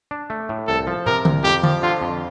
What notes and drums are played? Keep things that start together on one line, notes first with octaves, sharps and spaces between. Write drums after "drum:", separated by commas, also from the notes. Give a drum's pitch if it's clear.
D4
A3
A2
C2 A4
F3
C3 A#4, drum: tom
C2, drum: tom D3
F2 G4
F3, drum: tom
D3 F4
F2